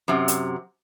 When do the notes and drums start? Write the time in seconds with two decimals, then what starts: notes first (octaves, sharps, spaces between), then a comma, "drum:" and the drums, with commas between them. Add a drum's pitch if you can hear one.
0.08 F#2 C3
0.28 drum: hi-hat